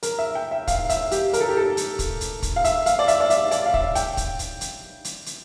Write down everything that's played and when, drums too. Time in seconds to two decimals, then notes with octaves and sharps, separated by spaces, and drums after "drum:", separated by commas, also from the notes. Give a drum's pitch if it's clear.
0.03 A#4, drum: hi-hat
0.19 E5
0.35 G5
0.51 E5
0.67 F5, drum: kick, hi-hat
0.89 E5, drum: hi-hat
1.11 G4, drum: hi-hat
1.33 A#4, drum: hi-hat
1.40 A4
1.49 G4
1.57 A4
1.77 drum: hi-hat
1.99 drum: kick, hi-hat
2.21 drum: hi-hat
2.43 drum: kick, hi-hat
2.56 F5
2.65 E5, drum: hi-hat
2.86 F5, drum: hi-hat
2.99 D5
3.08 E5, drum: hi-hat
3.20 D5
3.30 E5, drum: hi-hat
3.51 D5, drum: hi-hat
3.66 F5
3.74 E5, drum: kick
3.95 G5, drum: hi-hat
4.17 drum: kick, hi-hat
4.39 drum: hi-hat
4.61 drum: hi-hat
5.05 drum: hi-hat
5.26 drum: hi-hat